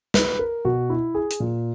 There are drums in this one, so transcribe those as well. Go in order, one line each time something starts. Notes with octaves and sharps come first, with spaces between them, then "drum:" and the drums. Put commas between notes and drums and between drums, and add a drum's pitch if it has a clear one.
B4, drum: snare
A#4
B2 F#4
E4
G#4
drum: hi-hat
A#2